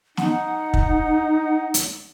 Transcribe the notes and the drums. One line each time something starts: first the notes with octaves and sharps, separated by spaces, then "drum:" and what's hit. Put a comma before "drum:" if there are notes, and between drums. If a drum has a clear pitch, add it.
D#4 F#5, drum: snare
drum: kick
drum: hi-hat